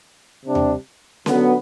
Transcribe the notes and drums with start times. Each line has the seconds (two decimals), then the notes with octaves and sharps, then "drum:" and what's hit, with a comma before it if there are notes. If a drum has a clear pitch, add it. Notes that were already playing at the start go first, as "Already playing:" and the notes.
0.45 C3 G3 D4
0.55 drum: tom D#2
1.26 D3 F#3 B3, drum: snare C#4